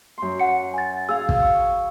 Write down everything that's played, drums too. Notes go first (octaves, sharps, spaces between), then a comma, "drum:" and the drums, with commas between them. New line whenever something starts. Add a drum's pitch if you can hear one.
F#2 C6
F#5 C#7
G#5 A6
G#4 F5 E6
drum: kick
C#6